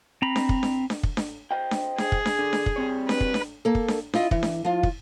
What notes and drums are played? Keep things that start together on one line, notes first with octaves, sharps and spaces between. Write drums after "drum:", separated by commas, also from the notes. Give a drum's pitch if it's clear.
C4 A#5 B5
drum: snare D4
drum: kick
drum: snare D4
drum: snare D4
drum: kick
drum: snare D4
C5 D#5 G5
drum: snare D4
G#4, drum: snare D4
drum: kick
drum: snare D4
D3
drum: snare D4
drum: kick
G3 C4 C#5
B4, drum: snare D4
drum: kick
drum: snare D4
A#3 A4
drum: kick
drum: snare D4
E4 F4 D#5, drum: snare D4
E3, drum: kick
drum: snare D4
F3 F4
drum: kick